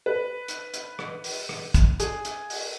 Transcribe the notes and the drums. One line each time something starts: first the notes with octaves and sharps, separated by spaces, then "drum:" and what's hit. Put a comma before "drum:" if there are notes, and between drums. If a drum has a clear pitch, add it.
B4
drum: hi-hat
drum: hi-hat
drum: rim click
drum: open hi-hat
drum: rim click
drum: kick, hi-hat
G#4, drum: hi-hat
drum: hi-hat
drum: open hi-hat